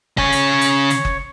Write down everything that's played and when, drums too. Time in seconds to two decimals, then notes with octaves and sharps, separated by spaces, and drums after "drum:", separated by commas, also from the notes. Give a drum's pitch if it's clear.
0.18 C#3 C#5 G#5, drum: kick F#1
0.32 drum: hi-hat
0.61 drum: hi-hat
0.90 drum: hi-hat
1.05 drum: kick F#1